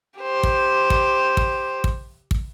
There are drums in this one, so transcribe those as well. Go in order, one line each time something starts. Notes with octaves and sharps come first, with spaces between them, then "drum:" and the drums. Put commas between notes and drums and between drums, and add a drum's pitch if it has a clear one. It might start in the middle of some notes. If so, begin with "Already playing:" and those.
G4 C5
drum: kick
drum: kick
drum: kick
drum: kick
drum: kick